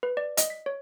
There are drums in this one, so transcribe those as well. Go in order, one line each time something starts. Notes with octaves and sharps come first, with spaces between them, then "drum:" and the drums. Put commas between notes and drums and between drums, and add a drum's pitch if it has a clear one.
B4
D5
D#5, drum: hi-hat
B6
C#5